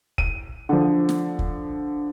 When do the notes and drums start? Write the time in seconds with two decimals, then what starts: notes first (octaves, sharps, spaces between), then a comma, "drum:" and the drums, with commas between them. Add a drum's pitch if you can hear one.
0.18 D#7, drum: kick
0.69 D3 F3
1.09 drum: snare
1.39 drum: kick